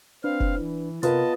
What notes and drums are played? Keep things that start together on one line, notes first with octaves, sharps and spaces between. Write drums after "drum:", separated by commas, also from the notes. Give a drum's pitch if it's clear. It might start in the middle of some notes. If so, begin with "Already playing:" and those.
C4 D4 B4 F5
drum: kick
E3
C3 B3 F4 A#4 B4 D#5 A5, drum: hi-hat